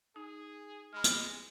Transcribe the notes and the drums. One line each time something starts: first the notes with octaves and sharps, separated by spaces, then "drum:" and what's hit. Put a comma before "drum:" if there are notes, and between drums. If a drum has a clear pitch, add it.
D#4 G#4
G#3 B5 F6
drum: hi-hat